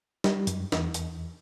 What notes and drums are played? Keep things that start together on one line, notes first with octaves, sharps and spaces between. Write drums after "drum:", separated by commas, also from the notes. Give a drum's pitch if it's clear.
G3, drum: snare
F#2, drum: hi-hat
E2, drum: snare
drum: hi-hat